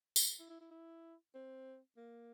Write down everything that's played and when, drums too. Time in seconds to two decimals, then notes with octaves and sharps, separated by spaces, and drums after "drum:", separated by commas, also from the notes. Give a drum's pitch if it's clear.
0.16 drum: tambourine
0.39 E4
0.50 E4
0.61 E4
0.71 E4
1.35 C4
1.97 A#3